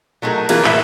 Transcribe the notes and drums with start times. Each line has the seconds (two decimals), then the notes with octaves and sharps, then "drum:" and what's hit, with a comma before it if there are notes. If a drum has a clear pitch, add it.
0.22 F#3 A3 D#4 F#4 G#4 A#4
0.49 E3 A#3 F4 G#4 A#4, drum: cymbal
0.64 A2 E5, drum: clap